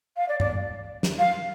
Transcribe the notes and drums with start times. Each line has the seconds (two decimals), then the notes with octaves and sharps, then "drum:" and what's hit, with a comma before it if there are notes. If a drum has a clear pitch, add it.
0.17 F5
0.29 D5
0.40 D5, drum: tom G2
1.03 drum: snare
1.19 F5